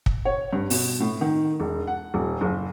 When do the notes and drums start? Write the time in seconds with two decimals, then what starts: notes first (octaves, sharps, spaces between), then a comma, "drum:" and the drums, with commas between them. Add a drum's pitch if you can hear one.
0.06 drum: kick
0.25 C#5
0.53 G2
0.70 B2, drum: open hi-hat
1.00 A2
1.21 D#3
1.60 E1
1.87 F#5
2.14 D#1
2.41 F#1